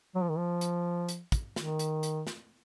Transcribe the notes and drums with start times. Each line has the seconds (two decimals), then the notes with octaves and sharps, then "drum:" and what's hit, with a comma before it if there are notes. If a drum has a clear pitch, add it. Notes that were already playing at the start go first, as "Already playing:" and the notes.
0.15 F#3
0.22 F3
0.29 D#3
0.38 F3
0.61 drum: hi-hat
1.09 drum: hi-hat
1.32 drum: kick, hi-hat
1.56 D#3, drum: snare
1.79 drum: hi-hat
2.03 drum: hi-hat
2.27 drum: snare